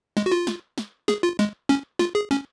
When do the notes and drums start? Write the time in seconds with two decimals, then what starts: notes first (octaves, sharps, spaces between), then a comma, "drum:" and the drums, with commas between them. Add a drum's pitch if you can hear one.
0.17 G#3, drum: snare
0.26 F#4
0.32 F4
0.47 drum: snare
0.78 drum: snare
1.08 G#4, drum: snare
1.23 F4
1.39 G#3, drum: snare
1.69 C#4, drum: snare
1.99 F4, drum: snare
2.15 G#4
2.31 C#4, drum: snare